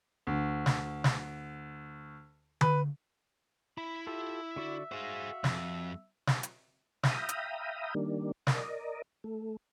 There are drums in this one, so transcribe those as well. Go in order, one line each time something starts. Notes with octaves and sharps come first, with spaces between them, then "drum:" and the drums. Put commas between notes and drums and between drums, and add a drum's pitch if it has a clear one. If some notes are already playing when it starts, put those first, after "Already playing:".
D2
drum: snare
drum: snare
B4, drum: tom D3
E4 B5
F4 G4 A4 E5
D3 F#4 D5
F#4 G#4 C5 F5
F2, drum: snare
drum: snare
drum: hi-hat
E5 F5 G5 A#5 B5 D#6, drum: snare
drum: hi-hat
D#3 G3 A#3 D4
A#4 D5 D#5, drum: snare
A3